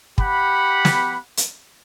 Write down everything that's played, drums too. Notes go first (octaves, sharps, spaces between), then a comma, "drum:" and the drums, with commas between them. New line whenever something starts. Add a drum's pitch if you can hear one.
G4 F#5 B5, drum: kick
drum: snare
drum: hi-hat